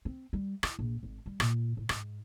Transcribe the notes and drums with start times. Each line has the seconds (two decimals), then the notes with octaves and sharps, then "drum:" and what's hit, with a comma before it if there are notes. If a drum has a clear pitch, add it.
0.05 C4
0.33 G3
0.63 E4, drum: rim click
0.79 A#1
1.03 G#1
1.26 G3
1.40 A#2, drum: rim click
1.77 A2
1.89 G#2, drum: rim click